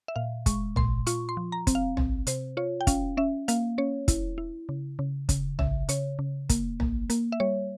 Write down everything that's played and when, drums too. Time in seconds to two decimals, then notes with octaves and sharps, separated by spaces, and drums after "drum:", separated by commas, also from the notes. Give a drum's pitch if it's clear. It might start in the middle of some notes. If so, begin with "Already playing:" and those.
0.08 E5
0.16 A#2 F5
0.46 G#3 C#6, drum: kick, hi-hat
0.76 A#2 C6, drum: tom
1.07 F4 C#6, drum: hi-hat
1.29 C6
1.37 F3
1.52 A#5
1.67 C4, drum: kick, hi-hat
1.75 F5
1.97 C4, drum: tom
2.27 C3 C5, drum: hi-hat
2.57 F4 C#5
2.81 G5
2.87 C#4 F5, drum: kick, hi-hat
3.17 C#4 E5
3.48 A#3 F5, drum: hi-hat
3.78 C#4 C#5
4.08 E4, drum: kick, hi-hat
4.38 E4
4.69 C#3
4.99 C#3
5.29 C#3, drum: kick, hi-hat
5.59 C#3 E5, drum: tom
5.89 C#3 C#5, drum: hi-hat
6.19 C#3
6.49 A#3, drum: kick, hi-hat
6.80 A#3, drum: tom
7.10 A#3, drum: hi-hat
7.32 E5
7.40 G3 C#5